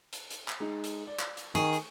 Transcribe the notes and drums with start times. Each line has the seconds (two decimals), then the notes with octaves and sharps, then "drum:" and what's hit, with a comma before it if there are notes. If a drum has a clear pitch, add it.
0.13 drum: hi-hat
0.30 drum: hi-hat
0.48 drum: clap
0.60 G#3 D#4
0.84 drum: hi-hat
1.07 D5
1.19 drum: clap
1.37 drum: hi-hat
1.55 D#3 G#4 C#6, drum: hi-hat
1.73 drum: hi-hat